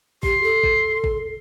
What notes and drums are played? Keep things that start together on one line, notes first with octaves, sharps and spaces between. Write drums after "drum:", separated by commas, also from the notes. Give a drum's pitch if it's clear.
G4 C6, drum: kick
A4
drum: kick
drum: kick